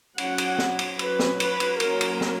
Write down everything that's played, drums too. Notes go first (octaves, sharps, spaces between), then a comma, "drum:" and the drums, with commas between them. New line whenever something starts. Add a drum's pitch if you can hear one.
F#3 C#4 F#5, drum: cymbal
drum: cymbal
drum: snare
drum: cymbal
F#3 C#4 B4, drum: cymbal
drum: snare
B4, drum: cymbal
drum: cymbal
F#3 A#3 C#4 A#4, drum: cymbal
drum: cymbal
drum: snare